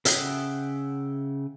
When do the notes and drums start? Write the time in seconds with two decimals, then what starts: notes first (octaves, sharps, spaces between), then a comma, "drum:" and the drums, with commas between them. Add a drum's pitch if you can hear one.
0.05 C#3 E5 F#5 G5 D#6, drum: hi-hat